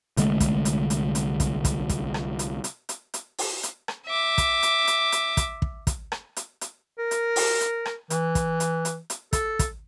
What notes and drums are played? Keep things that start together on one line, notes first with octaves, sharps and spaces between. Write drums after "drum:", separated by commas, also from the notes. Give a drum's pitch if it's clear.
C2 D3 G#3 A3, drum: hi-hat
drum: kick, hi-hat
drum: hi-hat
drum: hi-hat
drum: hi-hat
drum: kick, hi-hat
drum: kick, hi-hat
drum: kick, hi-hat
drum: rim click
drum: hi-hat
drum: hi-hat
drum: hi-hat
drum: hi-hat
drum: open hi-hat
drum: hi-hat
drum: rim click
E5 D6
drum: kick, hi-hat
drum: hi-hat
drum: hi-hat
drum: hi-hat
drum: kick, hi-hat
drum: kick
drum: kick, hi-hat
drum: rim click
drum: hi-hat
drum: hi-hat
A#4
drum: hi-hat
drum: open hi-hat
drum: hi-hat
drum: rim click
E3, drum: hi-hat
drum: kick, hi-hat
drum: hi-hat
drum: hi-hat
drum: hi-hat
A4, drum: kick, hi-hat
drum: kick, hi-hat